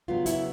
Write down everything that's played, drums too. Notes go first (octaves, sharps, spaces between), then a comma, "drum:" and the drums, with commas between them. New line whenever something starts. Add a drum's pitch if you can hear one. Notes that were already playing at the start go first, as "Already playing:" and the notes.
C#3 F#3 B3 D4 F4
E4, drum: hi-hat